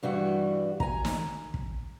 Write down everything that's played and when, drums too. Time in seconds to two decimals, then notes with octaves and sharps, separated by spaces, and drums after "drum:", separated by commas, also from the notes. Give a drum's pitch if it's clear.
0.03 G2 E3 G3 F#4
0.80 G#5 A#5, drum: kick
1.05 drum: snare
1.54 drum: kick